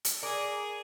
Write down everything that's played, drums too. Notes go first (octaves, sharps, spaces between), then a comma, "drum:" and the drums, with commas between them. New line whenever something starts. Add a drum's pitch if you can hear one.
drum: hi-hat
G#4 A#4 D5